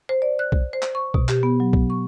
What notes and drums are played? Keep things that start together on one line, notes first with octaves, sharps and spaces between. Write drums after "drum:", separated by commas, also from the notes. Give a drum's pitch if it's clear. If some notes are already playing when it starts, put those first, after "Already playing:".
C5
D5
F#6
drum: kick B1
C5
drum: clap
C#6
B2, drum: kick B1
G4, drum: clap
B3
F#3
drum: kick B1
C#6